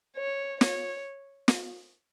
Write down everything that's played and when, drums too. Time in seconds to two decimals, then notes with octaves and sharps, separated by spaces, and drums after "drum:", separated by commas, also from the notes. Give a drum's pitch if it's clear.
0.17 C#5
0.61 C#5, drum: snare
1.48 drum: snare